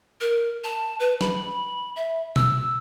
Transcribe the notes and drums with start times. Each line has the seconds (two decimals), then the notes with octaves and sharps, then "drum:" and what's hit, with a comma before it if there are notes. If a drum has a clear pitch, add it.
0.21 A#4
0.64 A5
1.00 B4
1.21 B5, drum: snare
1.96 E5
2.36 E6, drum: tom B2